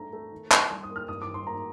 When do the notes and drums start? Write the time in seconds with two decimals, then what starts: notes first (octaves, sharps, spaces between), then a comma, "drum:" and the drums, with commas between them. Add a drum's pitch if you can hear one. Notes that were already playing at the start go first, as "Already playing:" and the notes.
Already playing: A3 D4 A#5
0.13 A3
0.32 D#3
0.52 D#3, drum: clap
0.70 G3 C6
0.83 D#6
0.89 A#3
0.96 F6
1.08 G2 D#6
1.22 D6
1.27 D#3
1.34 C6
1.47 A#3 A#5